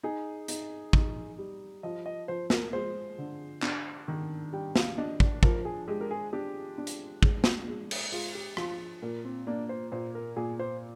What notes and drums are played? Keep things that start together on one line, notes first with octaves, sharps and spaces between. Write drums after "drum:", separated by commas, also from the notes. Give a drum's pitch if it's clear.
D#4 G#4
D#4, drum: hi-hat
D#4, drum: kick
G3
F3 D#5
D#5
F3 C5
A#4, drum: snare
G#3 C5
D3
D4, drum: clap
D#3
G3 G5
F5, drum: snare
D4 D#5
D5, drum: kick
F3 A#4, drum: kick
G#4
G#3 G4
A#4
G#4
D4 G4
D4
drum: hi-hat
G#3, drum: kick
drum: snare
G#3
drum: cymbal
G#3 F4, drum: open hi-hat
G4
F3 F4, drum: rim click
A#2 A#3
C4
A#3 D4
C5
A#2 C5
A#4
A#2 G#4
C5